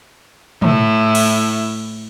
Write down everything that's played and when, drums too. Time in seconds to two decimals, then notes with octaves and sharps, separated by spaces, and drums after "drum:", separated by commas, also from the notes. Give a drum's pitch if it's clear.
0.62 A2 E4, drum: tom
1.15 drum: cymbal